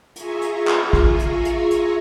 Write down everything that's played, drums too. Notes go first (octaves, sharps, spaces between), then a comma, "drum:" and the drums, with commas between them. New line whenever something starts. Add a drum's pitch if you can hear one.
F4 G#4 E5 G#5 A#5 C#6, drum: hi-hat
drum: hi-hat
drum: clap
drum: kick
drum: hi-hat
drum: hi-hat
drum: hi-hat